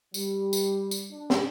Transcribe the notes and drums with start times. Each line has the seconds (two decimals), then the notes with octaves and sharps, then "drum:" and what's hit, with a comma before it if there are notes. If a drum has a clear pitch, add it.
0.14 G3, drum: tambourine
0.53 drum: tambourine
0.91 drum: tambourine
1.11 D4
1.30 drum: snare